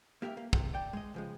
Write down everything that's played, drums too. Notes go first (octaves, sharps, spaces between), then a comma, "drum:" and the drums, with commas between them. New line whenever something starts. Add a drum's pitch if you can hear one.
A#3 G4 A#4 E5
A#3
C3, drum: kick
D5 G5
G#3 D#5
C#3 F3 G#3